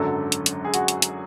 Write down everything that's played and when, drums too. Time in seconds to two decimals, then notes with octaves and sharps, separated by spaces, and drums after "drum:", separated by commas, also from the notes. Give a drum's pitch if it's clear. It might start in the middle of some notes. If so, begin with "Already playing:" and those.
Already playing: G#1 F#2 D3 F#3 A4
0.32 drum: hi-hat
0.46 drum: hi-hat
0.65 G#4
0.74 F#4, drum: hi-hat
0.88 drum: hi-hat
1.02 drum: hi-hat